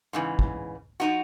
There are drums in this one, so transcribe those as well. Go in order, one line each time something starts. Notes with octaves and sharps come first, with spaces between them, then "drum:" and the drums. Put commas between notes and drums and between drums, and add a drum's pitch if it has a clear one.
G#2 C#3 E3
drum: kick
F3 D#4 F#4